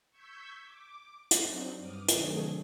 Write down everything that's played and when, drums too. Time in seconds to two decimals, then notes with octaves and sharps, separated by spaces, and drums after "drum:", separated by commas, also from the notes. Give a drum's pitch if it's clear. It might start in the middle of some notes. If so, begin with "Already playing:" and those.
0.11 C#6 E6 G6 G#6 B6
0.62 D6
1.31 drum: hi-hat
1.43 F#3 C4 D4 D#4
1.77 G2 D6 D#6 F6
2.08 C3 D#3 F#3 A3 D4 G#4, drum: hi-hat